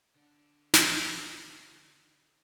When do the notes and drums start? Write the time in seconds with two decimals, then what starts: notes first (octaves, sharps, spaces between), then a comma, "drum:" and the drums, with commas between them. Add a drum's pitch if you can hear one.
0.16 D3 D4
0.74 drum: snare